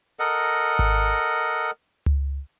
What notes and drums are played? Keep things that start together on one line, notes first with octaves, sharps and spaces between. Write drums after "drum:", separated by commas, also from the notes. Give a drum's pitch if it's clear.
A4 A#4 D#5 F#5, drum: hi-hat
drum: kick G#1
drum: tom C#2